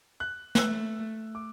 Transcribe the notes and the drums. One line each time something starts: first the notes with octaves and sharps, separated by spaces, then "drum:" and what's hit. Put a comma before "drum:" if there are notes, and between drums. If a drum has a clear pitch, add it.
F#6
F#6, drum: snare
A3 E6
D6